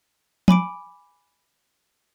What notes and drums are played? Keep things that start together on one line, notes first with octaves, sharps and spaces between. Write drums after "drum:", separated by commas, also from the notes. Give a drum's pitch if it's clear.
G#5 B5 D6 D7, drum: tom